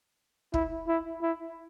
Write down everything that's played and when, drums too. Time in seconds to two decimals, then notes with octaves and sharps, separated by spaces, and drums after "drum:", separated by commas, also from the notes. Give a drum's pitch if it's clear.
0.54 E4, drum: kick
0.88 E4
1.22 E4